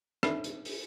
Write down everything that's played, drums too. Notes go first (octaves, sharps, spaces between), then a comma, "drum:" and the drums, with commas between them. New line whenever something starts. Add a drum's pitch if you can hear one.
D4 D#4 A4 E5, drum: rim click
drum: hi-hat
drum: open hi-hat